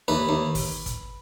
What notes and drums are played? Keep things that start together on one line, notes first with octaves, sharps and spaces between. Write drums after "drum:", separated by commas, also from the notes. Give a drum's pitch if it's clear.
D#2 B4
D#2
drum: kick, open hi-hat
drum: kick, hi-hat